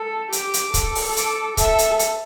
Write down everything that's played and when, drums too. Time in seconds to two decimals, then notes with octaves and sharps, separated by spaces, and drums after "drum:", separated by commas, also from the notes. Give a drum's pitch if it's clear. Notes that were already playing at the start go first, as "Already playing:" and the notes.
Already playing: A4
0.32 G4 D6, drum: hi-hat
0.54 drum: hi-hat
0.74 A4, drum: kick C#1, hi-hat
0.95 drum: open hi-hat
1.17 D6, drum: hi-hat
1.57 A4 E5, drum: kick C#1, hi-hat
1.78 drum: hi-hat
1.99 drum: hi-hat